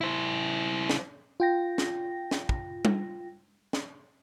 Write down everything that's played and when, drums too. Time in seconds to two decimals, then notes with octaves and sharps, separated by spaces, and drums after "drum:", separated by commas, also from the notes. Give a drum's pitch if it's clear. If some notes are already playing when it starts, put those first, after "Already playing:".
0.01 E4 C5
0.90 drum: snare
1.40 F4 G5 A#6
1.78 drum: snare
2.31 drum: snare
2.49 drum: kick
2.85 drum: tom G3
3.73 drum: snare